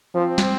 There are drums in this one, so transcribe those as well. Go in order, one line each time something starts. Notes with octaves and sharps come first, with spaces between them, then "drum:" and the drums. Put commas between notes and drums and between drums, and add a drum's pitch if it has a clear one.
F3 C4
drum: snare